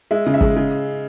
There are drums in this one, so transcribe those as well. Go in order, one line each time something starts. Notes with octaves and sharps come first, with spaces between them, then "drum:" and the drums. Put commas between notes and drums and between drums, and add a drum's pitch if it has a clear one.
G#3 E5
C#3
E5
G#3, drum: kick
C#3